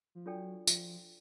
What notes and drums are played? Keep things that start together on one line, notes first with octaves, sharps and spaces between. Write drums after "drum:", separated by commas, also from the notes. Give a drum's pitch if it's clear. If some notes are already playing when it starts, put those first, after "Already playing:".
F3
F#3 D4 F4 A4 D5 G5
F3, drum: tambourine